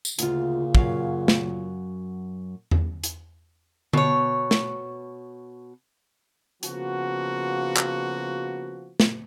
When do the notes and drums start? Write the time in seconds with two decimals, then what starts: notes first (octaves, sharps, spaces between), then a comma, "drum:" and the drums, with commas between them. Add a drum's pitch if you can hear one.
0.05 drum: tambourine
0.19 D2 A#2 C#3 F4, drum: hi-hat
0.75 F#2 F#3 F5, drum: kick
1.28 drum: snare
2.71 drum: tom E2
3.04 drum: hi-hat
3.93 B2 C#5, drum: tom D3
4.51 drum: snare
6.63 C#3 F3 A#3 B3 F#4, drum: hi-hat
7.76 drum: clap
9.00 drum: snare